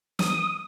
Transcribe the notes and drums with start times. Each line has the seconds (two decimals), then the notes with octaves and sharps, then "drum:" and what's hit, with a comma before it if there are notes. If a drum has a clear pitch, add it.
0.19 D#6, drum: snare